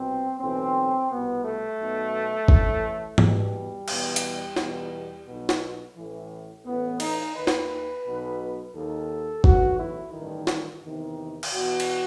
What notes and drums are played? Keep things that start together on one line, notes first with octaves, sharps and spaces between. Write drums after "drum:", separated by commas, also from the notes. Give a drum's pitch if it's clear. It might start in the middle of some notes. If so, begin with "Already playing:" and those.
Already playing: C2 B2 C4
B1 A2 E3 C4
C2 B2 B3
A3
B1 B2
A1 A2 E3, drum: kick
E2 B2 G3, drum: tom
E2 B2, drum: cymbal
drum: hi-hat
E2 B2, drum: snare
B1 B2
drum: snare
A1 A2 E3
A1 A2 E3 B3
D#4, drum: cymbal
D#2 D#3 B4
drum: snare
B1 B2
D#2 D#3 A4
B1 A2 E3 F#4, drum: kick
E4
A1 G2 D#3
drum: snare
E2 C3 D#3
drum: cymbal
E2 B2 F#4
drum: cymbal